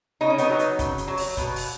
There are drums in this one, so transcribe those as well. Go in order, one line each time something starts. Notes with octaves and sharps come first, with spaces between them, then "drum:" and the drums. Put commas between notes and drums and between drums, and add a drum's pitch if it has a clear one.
C#3 D#4
C#4
B3 D#4, drum: hi-hat
F#3
drum: hi-hat
C#3, drum: kick, hi-hat
drum: hi-hat
F#3
drum: open hi-hat
B2, drum: kick, hi-hat
drum: open hi-hat